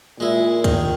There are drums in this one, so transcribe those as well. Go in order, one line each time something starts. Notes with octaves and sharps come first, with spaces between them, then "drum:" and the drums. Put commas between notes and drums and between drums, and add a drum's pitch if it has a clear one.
A#2 G#3 E4
D#3, drum: kick, hi-hat